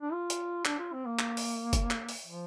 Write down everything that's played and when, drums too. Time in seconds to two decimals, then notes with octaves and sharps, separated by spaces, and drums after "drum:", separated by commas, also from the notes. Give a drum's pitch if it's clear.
0.02 D4
0.13 F4
0.30 drum: hi-hat
0.65 D4, drum: clap
0.79 F4
0.93 C4
1.06 A#3
1.19 drum: clap
1.37 drum: open hi-hat
1.73 drum: kick, hi-hat
1.91 drum: clap
2.09 drum: open hi-hat
2.27 F3